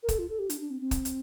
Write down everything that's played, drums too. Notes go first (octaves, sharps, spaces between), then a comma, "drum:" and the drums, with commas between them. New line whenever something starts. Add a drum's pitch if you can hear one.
A#4
A4, drum: kick, hi-hat
F4
A4
G4
D4, drum: hi-hat
D4
C4
C4
drum: kick, hi-hat
drum: hi-hat